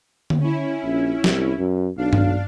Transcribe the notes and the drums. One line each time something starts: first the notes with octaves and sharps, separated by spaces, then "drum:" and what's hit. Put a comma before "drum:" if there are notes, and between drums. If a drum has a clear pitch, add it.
drum: tom D3
C#4 E4
A#1
C2, drum: snare
F#2
B1 D4 F5
drum: tom G2